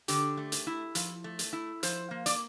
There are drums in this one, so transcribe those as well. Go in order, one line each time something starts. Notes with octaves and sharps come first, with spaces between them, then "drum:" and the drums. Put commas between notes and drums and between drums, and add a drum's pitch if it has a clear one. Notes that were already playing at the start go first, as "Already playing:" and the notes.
D3 G4, drum: hi-hat
A3
drum: hi-hat
E4
F3, drum: hi-hat
A3
drum: hi-hat
E4
F3 C5, drum: hi-hat
A#3
D5, drum: hi-hat